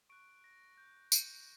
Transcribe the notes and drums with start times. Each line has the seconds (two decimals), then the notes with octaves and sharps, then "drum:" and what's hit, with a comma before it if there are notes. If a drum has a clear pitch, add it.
0.09 C#6 F#6 D7
0.44 A#6
0.78 G6
1.12 G6, drum: tambourine